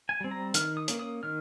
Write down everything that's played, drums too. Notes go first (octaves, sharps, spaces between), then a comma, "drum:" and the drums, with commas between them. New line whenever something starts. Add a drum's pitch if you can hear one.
G#5
G3 C4
A#5
D#3 F6, drum: hi-hat
D#6
A#3 C#4, drum: hi-hat
D#6
D#3 F6